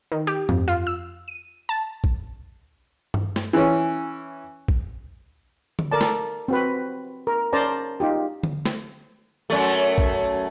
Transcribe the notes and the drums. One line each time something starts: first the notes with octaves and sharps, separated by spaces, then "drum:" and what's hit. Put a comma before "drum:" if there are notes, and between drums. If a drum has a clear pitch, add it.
D#3
G4
F2, drum: tom G2
F4
E6
D#7
A5
drum: kick A#1
drum: tom G2
drum: snare
E3 C#4
drum: kick A#1
drum: tom D3
A4 A#4 D5 A5
drum: snare
C4 F#4 B4
A#4
C#4 A#4 C5 D5 A5 A#5
D#4 F4 G4
drum: tom D3
drum: snare
F#2 A3
drum: kick A#1